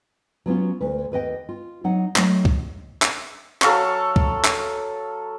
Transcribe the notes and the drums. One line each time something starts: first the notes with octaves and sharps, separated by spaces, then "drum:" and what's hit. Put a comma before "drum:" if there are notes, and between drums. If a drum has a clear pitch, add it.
F#3 B3 C#4 F4
D2 B4
D#2 B4 D#5 G5
F4
F#3 D#4 F#5
F#3 A3 D#4, drum: clap
drum: kick
drum: clap
F#3 A4 F5 C#6, drum: clap
drum: kick
drum: clap